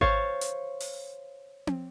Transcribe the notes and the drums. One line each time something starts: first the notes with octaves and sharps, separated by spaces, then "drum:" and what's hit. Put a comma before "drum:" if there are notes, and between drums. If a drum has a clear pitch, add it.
C5 C#5 F5 C#6 A6, drum: kick G#1
drum: hi-hat
drum: open hi-hat
drum: tom C4